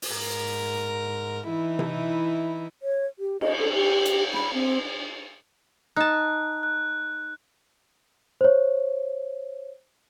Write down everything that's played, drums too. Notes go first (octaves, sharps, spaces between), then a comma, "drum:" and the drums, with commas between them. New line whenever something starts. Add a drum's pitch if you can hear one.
drum: open hi-hat
G#2 A#4
E3 D#4 E4
drum: tom C3
C#5
G4
D#5, drum: cymbal
A4
G4
drum: hi-hat
B5, drum: snare
C4
D#4 A5 F#6
F#6
C5 C#5